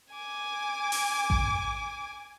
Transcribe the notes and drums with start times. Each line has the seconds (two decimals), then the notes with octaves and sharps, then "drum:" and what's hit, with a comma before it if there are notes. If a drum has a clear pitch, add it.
0.14 G#5 D6
0.92 drum: open hi-hat
1.30 drum: kick A1